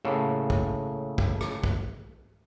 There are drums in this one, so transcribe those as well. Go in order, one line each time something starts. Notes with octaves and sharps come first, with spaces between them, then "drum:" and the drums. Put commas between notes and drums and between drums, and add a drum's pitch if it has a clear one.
A2 C#3 A#3 A4 F#5
drum: kick
drum: kick
drum: rim click
drum: kick